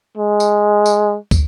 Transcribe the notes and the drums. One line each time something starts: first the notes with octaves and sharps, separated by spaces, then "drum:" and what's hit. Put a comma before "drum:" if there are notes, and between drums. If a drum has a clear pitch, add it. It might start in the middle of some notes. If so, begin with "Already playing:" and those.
G#3
drum: tambourine
drum: tambourine
drum: kick, tambourine